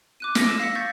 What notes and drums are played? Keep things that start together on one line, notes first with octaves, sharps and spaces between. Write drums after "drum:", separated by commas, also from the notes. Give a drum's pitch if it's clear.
D6 F#6 D#7
D6 A#6 B6, drum: snare
E6 E7
F5 A#6 B6 C#7
C#6 G6 A6 B6